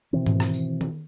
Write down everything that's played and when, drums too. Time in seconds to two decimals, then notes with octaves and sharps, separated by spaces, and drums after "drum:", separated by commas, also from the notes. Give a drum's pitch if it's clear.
0.13 B2 D#3 E3 C4
0.26 drum: tom G#2
0.40 drum: rim click
0.54 drum: tambourine
0.81 drum: tom D#3